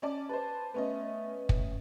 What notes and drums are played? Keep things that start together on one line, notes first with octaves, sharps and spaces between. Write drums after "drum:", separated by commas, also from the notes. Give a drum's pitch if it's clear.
C#4 D5 A5
B4 C5 A5
A3 B3 C#4 D#5
A3, drum: kick